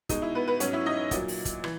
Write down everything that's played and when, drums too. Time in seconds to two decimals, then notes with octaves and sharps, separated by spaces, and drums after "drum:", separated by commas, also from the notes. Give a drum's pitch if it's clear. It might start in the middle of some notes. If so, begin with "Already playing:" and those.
0.09 B2 G#3 D#4, drum: kick, hi-hat
0.22 E4
0.35 B3 B4
0.47 B3 B4
0.60 G#2 F#3 C#4 C#5, drum: hi-hat
0.73 E4 E5
0.86 D#4 D#5
1.11 A#2 F#3, drum: kick, hi-hat
1.28 drum: open hi-hat
1.45 drum: kick, hi-hat
1.64 E3, drum: rim click